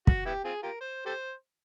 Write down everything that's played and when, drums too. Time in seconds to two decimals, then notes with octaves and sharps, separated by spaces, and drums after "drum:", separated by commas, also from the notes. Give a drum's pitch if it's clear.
0.07 F#4, drum: kick
0.26 B3 E4 G4
0.45 C4 F4 G#4
0.63 F4 G4 A#4
0.81 C5
1.06 G4 A4 C5